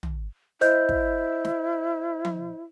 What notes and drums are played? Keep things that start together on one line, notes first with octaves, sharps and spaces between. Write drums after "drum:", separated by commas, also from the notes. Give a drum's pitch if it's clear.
drum: tom
E4 C5 D#5 G6, drum: hi-hat
drum: kick
drum: snare
drum: tom F3